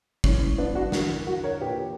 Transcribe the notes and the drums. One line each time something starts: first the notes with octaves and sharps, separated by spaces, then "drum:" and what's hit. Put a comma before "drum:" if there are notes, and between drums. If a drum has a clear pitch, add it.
G2 E3 C#4, drum: kick
B3 D4
D4 F#4
E2 D3 F#4 A#4, drum: snare
F#4 A#4
A#4 C#5
A#2 G4 B4